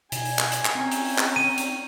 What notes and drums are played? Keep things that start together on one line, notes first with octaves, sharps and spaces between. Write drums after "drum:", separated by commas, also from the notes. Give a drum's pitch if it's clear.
B2 G#5, drum: hi-hat
drum: open hi-hat
drum: clap
drum: hi-hat
drum: clap
C4 C#4 G5 A#5
drum: hi-hat
drum: open hi-hat
drum: clap
D#7
drum: hi-hat